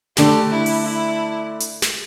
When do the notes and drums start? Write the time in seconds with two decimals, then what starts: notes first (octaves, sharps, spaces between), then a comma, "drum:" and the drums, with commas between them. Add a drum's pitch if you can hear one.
0.17 D3 A3 D4 G4, drum: snare
0.51 E4
0.66 drum: open hi-hat
0.86 E4
1.60 drum: hi-hat
1.82 drum: snare